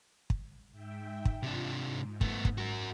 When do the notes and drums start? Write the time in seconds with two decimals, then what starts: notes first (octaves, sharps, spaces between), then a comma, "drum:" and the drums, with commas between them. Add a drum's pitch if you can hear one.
0.30 drum: kick
0.72 G#2 E5 G5
1.25 drum: kick
1.43 C3 D4 F4
1.78 G#2
2.21 A3 B3, drum: kick
2.45 drum: kick
2.58 F#4 A#4